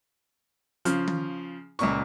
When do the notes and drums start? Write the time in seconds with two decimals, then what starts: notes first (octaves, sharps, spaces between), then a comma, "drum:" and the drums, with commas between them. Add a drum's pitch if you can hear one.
0.85 C#3 F3, drum: hi-hat
1.08 drum: tom D#3
1.79 C#2 A#2 C#6, drum: snare